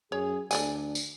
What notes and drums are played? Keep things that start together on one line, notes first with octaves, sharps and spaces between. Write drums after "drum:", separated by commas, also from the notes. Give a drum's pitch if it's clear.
F#2 G#4 C#5
D2 D4 A4 D5 G#5, drum: tambourine
drum: tambourine